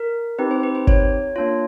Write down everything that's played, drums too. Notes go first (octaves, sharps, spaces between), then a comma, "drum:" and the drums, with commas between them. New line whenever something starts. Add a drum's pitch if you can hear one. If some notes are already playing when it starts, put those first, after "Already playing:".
Already playing: A#4
C4 D#4 G4 B4
C5
B4
C5
C#5, drum: kick G#1
A#3 D4 F4 C#5